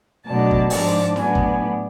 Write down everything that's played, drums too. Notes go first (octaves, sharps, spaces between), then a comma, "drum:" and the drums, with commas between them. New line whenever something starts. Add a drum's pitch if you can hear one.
B2 F#3 A3 D4 A5
drum: kick
G#2 F3 G#3 D4 A5, drum: open hi-hat
A2 F#3 B3 D4 G#5, drum: snare E4
drum: kick